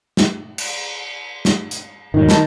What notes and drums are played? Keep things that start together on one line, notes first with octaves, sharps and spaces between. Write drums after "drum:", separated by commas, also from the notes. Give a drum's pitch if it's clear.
drum: snare
drum: cymbal
drum: snare
drum: hi-hat
E2 G#2 D#3 F#3
A5 B5, drum: snare